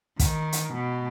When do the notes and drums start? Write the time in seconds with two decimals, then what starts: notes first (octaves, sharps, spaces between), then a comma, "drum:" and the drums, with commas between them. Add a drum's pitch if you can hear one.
0.19 D#3, drum: kick, hi-hat
0.53 drum: hi-hat
0.74 B2